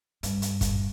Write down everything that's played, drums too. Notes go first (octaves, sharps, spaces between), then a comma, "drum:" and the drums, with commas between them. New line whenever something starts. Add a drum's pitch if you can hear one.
G2, drum: hi-hat
drum: hi-hat
drum: kick, hi-hat